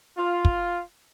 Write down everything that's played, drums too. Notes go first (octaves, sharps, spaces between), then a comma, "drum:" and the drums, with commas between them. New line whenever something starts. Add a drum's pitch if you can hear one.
F4
drum: kick